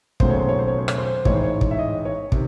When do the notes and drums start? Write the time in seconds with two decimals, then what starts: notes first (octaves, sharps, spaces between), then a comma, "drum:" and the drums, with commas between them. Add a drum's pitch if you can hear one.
0.20 E1 D#2 C#3 F#3 A3 C5, drum: kick
0.30 C#5
0.39 C5
0.49 C#5
0.59 C5
0.68 C#5
0.78 C5
0.88 C#5, drum: rim click
0.98 C5
1.25 A1 G#2 E3 G#3 C#5, drum: kick
1.35 C5
1.44 C#5
1.61 drum: kick
1.71 E5
1.79 D#5
2.05 C#5
2.32 C3 D#3, drum: kick